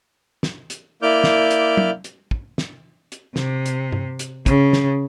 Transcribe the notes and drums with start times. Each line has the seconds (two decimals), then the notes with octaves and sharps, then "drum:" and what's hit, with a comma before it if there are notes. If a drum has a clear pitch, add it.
0.43 drum: snare
0.70 drum: hi-hat
1.02 A#3 E4 D5 D6 F6 G6
1.24 drum: snare
1.51 drum: hi-hat
1.77 drum: tom F#3
2.04 drum: hi-hat
2.31 drum: kick
2.58 drum: snare
3.12 drum: hi-hat
3.36 C3, drum: snare
3.66 drum: hi-hat
3.92 drum: tom G2
4.19 drum: hi-hat
4.46 C#3, drum: kick, hi-hat
4.73 drum: snare